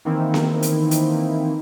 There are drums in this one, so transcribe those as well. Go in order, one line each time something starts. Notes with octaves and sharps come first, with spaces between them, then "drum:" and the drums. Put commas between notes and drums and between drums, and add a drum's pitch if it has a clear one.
D#3 E3 A#3 C4 D#4 E4
drum: snare B3
drum: hi-hat
drum: hi-hat